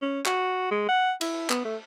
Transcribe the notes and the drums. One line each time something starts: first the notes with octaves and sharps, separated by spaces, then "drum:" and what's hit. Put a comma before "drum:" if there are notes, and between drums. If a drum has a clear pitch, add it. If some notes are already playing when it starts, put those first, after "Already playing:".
C#4
F#4, drum: clap
G#3
F#5
E4, drum: cymbal
B3, drum: clap
A3